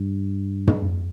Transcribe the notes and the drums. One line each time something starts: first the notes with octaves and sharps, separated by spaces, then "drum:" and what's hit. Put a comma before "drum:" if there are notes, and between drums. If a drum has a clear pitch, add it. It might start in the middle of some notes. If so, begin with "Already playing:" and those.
Already playing: G2
drum: tom